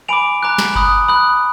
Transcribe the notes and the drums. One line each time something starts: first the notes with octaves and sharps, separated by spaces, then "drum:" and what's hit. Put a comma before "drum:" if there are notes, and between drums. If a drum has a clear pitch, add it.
G#5 B5 D6 D7 F7
A#5 D6 F#6
drum: snare
B5 D#6 F#6, drum: kick G1
B5 D#6 F#6